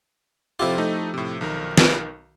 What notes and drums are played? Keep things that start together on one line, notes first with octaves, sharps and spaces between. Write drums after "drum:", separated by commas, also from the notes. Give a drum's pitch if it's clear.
F2 C3 E4 F4 G4
A3 D#4
A2 C3
B1 D#3 A#4
drum: snare